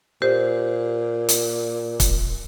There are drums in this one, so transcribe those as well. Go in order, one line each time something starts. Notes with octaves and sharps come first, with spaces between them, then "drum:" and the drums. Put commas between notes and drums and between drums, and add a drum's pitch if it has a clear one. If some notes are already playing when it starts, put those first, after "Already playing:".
A#2 G4 C5
drum: hi-hat
drum: kick, hi-hat